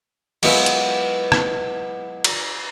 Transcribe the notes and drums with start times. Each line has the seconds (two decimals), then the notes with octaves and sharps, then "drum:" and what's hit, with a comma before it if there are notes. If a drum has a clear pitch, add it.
0.43 F#3 G#3 B3 E4 F4, drum: cymbal
0.66 drum: hi-hat
1.32 drum: rim click
2.24 drum: cymbal